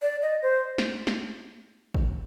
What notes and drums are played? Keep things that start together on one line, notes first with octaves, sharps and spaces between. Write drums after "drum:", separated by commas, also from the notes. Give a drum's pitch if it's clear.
D5
D#5
C5
drum: snare
drum: snare
drum: kick